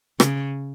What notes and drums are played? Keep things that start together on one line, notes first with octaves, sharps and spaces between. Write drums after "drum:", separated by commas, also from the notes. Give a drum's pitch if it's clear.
C#3, drum: rim click